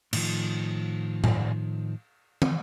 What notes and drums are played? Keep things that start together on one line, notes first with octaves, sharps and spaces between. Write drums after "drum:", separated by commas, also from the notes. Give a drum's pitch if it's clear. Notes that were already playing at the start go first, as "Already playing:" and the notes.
A2 D#3 F3, drum: cymbal
drum: tom A2
drum: tom